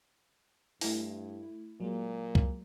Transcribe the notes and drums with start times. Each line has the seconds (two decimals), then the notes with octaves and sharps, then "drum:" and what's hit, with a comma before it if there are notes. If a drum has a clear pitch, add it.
0.81 G2 A3 E4, drum: open hi-hat
1.80 A#2 F#3 G#3 A#3
2.35 drum: kick